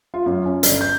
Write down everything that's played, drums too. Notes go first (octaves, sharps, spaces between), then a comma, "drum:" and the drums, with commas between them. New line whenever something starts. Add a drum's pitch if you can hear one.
F4
F#2
C#4
G1, drum: hi-hat
G6